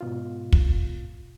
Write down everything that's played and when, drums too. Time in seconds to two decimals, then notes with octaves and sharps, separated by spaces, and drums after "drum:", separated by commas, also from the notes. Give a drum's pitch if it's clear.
0.01 G#2 B2 F4
0.53 drum: kick